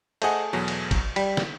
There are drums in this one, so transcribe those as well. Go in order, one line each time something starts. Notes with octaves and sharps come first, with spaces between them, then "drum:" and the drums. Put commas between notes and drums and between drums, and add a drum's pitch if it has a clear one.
A3 G#4 C5 D#5 F#5, drum: cymbal
E2 B2 F#3
drum: cymbal
drum: kick, cymbal
G3 B6, drum: cymbal
drum: snare